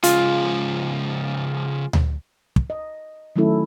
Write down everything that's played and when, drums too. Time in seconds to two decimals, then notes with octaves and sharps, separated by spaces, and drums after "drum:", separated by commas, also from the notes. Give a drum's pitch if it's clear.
0.03 C#3 F3 G#3 F4, drum: hi-hat
1.93 drum: tom D2
2.56 drum: kick
2.70 D#5
3.36 D#3 F#3 A3 C#4 E4 A4